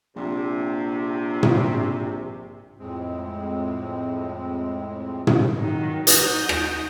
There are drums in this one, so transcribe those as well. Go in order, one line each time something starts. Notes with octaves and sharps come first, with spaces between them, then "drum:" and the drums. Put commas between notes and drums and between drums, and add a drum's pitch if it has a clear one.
A#1 C3
drum: tom
F2 A2 G#3 C4
drum: tom
D#3 F#3
D#4 F#4 D#6 G6, drum: hi-hat
drum: rim click